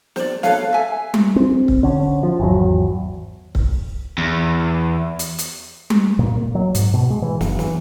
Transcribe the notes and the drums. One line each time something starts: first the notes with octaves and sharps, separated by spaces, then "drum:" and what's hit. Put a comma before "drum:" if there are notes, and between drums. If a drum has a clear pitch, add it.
C5 D5, drum: snare
A4 B4 C#5 F5, drum: snare
E5 G#5
drum: tom G3
C4
drum: kick C#1
D3 C#4
F3
G#1 E2 F#3
drum: kick C#1
E2
drum: hi-hat
drum: hi-hat
drum: tom G3
A#2
A#3
F#3
G#2, drum: hi-hat
B2
G#3
E3
F#1, drum: snare
E3, drum: snare